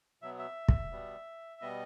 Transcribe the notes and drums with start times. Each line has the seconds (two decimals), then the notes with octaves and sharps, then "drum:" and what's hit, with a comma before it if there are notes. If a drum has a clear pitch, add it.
0.22 B2 F#3 B3 E5
0.38 E5
0.69 drum: kick
0.92 B2 G3 B3
1.61 B2 G3 B3 D#5